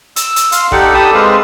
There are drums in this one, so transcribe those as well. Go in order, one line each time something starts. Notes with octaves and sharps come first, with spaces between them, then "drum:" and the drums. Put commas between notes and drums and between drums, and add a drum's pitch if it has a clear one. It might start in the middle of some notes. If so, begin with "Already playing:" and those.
E6, drum: hi-hat
drum: hi-hat
F5 C6, drum: hi-hat
D#4 G4 A4 D5 F#5, drum: kick
G4 A4 A5 B5 D#6
G#3 C4 G#4 B4 F5